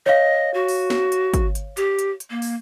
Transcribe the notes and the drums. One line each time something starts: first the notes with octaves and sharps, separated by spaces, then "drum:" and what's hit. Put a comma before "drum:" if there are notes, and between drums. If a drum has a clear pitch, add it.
C#5 D#5 F5
F#4
drum: open hi-hat
drum: snare
drum: hi-hat
drum: kick, hi-hat
drum: hi-hat
G4, drum: hi-hat
drum: hi-hat
drum: hi-hat
A#3
drum: open hi-hat